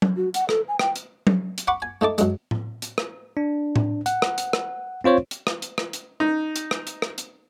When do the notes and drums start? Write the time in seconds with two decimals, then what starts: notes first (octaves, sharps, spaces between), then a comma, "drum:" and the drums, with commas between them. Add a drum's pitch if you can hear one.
0.02 drum: tom F#3
0.16 F#4
0.34 F#5, drum: hi-hat
0.49 A4, drum: rim click
0.68 G#5
0.79 G5, drum: rim click
0.96 drum: hi-hat
1.27 drum: tom F#3
1.58 drum: hi-hat
1.67 F#5 B5 C#6 D6
1.82 G#5
2.01 A3 D#4 A5 D6
2.18 F#2 G#3, drum: hi-hat
2.51 drum: tom A2
2.82 drum: hi-hat
2.98 drum: rim click
3.37 D4
3.76 drum: tom A2
4.06 F#5, drum: hi-hat
4.22 drum: rim click
4.38 drum: hi-hat
4.53 drum: rim click
5.04 C4 F4 C5 C#5
5.31 drum: hi-hat
5.47 drum: rim click
5.62 drum: hi-hat
5.78 drum: rim click
5.93 drum: hi-hat
6.20 D#4
6.56 drum: hi-hat
6.71 drum: rim click
6.87 drum: hi-hat
7.02 drum: rim click
7.18 drum: hi-hat